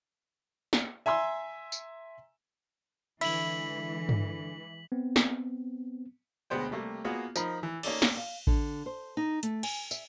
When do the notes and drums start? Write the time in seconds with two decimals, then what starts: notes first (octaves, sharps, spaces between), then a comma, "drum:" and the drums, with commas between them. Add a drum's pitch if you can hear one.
0.73 drum: snare
1.06 E5 G#5 A#5 C6 E6
1.72 drum: tambourine
3.21 D3 E3 G#3 E4 B6 F#7, drum: cymbal
4.09 drum: tom G2
4.92 B3 C4
5.16 drum: snare
6.50 D2 B2 G#3 B3 C5 G5
6.71 C3 G3 A3 A#3
7.04 A#3 B3 F4 F#4 G#4
7.36 F3 D#4 A#4 B5, drum: tambourine
7.63 E3
7.83 A#3 C#4 D#4 A4 D5, drum: cymbal
8.02 drum: snare
8.17 F5
8.47 D3, drum: kick A1
8.86 C5
9.17 D#4
9.43 A3, drum: hi-hat
9.63 G#5, drum: cymbal
9.91 E5, drum: tambourine